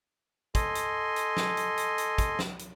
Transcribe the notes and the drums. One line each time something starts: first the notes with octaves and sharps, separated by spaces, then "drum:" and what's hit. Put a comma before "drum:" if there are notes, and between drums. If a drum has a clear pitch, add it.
A4 D#5 G#5 C6, drum: kick, hi-hat
drum: hi-hat
drum: hi-hat
drum: snare
drum: hi-hat
drum: hi-hat
drum: hi-hat
drum: kick, hi-hat
drum: snare
drum: hi-hat